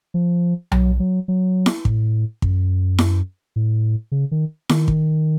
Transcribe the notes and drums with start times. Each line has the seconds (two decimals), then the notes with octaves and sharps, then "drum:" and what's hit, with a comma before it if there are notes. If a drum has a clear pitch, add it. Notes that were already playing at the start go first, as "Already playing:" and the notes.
0.14 F3
0.72 F#3, drum: tom B1
1.00 F#3
1.28 F#3
1.66 drum: snare E4
1.85 A2, drum: kick
2.42 F#2, drum: kick
2.98 drum: snare E4
3.56 A2
4.12 C#3
4.31 D#3
4.69 D#3, drum: snare E4
4.88 drum: kick